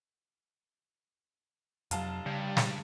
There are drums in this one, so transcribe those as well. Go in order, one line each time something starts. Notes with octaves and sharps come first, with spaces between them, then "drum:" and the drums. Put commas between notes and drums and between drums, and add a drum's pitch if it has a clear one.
F1 F2 F#3 F5 A5, drum: hi-hat
G2 C#3 G3
drum: snare